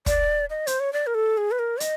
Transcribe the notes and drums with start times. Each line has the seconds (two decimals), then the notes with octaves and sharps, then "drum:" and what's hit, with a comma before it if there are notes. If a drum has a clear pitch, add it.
0.06 D5, drum: kick, hi-hat
0.50 D#5
0.67 C5, drum: hi-hat
0.80 C#5
0.93 D5
1.07 A#4
1.14 A4
1.37 G#4
1.51 B4
1.59 A#4
1.80 D#5, drum: hi-hat